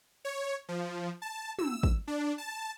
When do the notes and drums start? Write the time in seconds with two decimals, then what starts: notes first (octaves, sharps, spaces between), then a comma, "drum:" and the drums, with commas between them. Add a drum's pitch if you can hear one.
0.25 C#5
0.69 F3
1.22 A5
1.59 E6, drum: tom
1.83 drum: kick
2.08 D4
2.38 A5